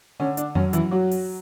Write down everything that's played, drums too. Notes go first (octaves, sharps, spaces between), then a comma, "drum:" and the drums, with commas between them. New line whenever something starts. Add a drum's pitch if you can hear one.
D3 C#4
D4, drum: hi-hat
F#2 C#4, drum: tom F2
E3 E4, drum: hi-hat
F#3 F#4
drum: open hi-hat